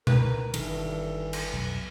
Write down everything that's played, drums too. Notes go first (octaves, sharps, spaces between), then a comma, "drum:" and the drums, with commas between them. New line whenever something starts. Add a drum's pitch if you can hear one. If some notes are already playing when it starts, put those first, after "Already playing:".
C#2 A#4 B4, drum: tom B2
G1 G2 D#3 E3 A4, drum: cymbal
drum: cymbal
B1 F2